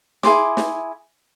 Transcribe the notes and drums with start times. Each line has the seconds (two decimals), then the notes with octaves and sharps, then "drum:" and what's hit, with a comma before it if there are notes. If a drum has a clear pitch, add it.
0.23 E4 G#4 C6 D6, drum: snare
0.57 drum: snare